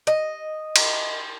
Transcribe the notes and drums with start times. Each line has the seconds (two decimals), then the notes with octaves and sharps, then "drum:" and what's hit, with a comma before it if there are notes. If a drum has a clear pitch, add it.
0.07 D#5
0.76 drum: cymbal